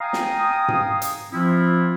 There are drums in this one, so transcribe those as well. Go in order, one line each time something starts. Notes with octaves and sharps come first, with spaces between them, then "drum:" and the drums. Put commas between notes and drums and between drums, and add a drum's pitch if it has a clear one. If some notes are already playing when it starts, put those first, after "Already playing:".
F5 G5 G#5 A#5 D#6
drum: snare
drum: tom G#2
drum: hi-hat
F3 C4 E4 F4